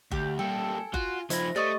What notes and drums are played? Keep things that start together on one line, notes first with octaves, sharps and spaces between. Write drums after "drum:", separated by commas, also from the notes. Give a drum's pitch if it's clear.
D2 G4, drum: kick F#1
G3 A#3 A4 G5
G#5
F4 F#4, drum: kick F#1
F3 D#4 E4 C5 A#6, drum: hi-hat
A3 G4 D5 D#5 C#6